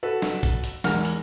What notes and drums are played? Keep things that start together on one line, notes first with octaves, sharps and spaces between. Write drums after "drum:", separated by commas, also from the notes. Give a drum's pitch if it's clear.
F#4 A4 B4
drum: snare
drum: kick A#1, hi-hat
drum: hi-hat
E2 G#2 A#4 F#5 F6, drum: snare
drum: hi-hat